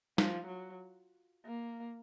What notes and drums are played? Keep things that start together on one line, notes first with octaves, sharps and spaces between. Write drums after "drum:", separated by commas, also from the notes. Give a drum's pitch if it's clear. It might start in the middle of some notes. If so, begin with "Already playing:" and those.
F3, drum: snare
F#3
A#3